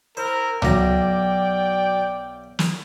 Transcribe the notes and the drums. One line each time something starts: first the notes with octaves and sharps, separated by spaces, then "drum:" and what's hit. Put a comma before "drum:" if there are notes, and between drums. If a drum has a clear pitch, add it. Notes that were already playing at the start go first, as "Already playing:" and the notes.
E4 A#4 C5
B1 F#3 D5 F#5 G5 A#5 D6, drum: tom
drum: snare